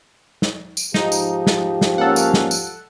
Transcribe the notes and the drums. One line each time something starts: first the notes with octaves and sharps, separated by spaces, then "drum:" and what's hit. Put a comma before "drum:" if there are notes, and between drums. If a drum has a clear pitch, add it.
drum: snare
drum: tambourine
G#2 F3 D#4 G4, drum: snare
drum: tambourine
drum: snare
drum: snare
A#3 C#4 A4 F5 F#5
drum: tambourine
drum: snare
drum: tambourine